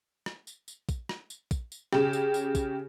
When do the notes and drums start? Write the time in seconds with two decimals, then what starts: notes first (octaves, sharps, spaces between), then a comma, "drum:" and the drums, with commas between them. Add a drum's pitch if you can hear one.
0.26 drum: rim click
0.47 drum: tambourine
0.68 drum: tambourine
0.89 drum: kick, tambourine
1.09 drum: rim click
1.30 drum: tambourine
1.51 drum: kick, tambourine
1.72 drum: tambourine
1.93 C#3 G4, drum: rim click
2.13 drum: tambourine
2.34 drum: tambourine
2.55 drum: kick, tambourine